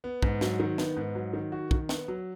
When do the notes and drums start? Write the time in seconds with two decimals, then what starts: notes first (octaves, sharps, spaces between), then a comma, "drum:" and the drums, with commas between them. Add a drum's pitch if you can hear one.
0.04 B3
0.22 G#2, drum: kick
0.41 F#3, drum: snare
0.60 D#3
0.78 B3, drum: snare
0.96 G#2
1.15 F#3
1.33 D#3
1.52 F#4
1.71 D#3, drum: kick
1.89 B3, drum: snare
2.08 F#3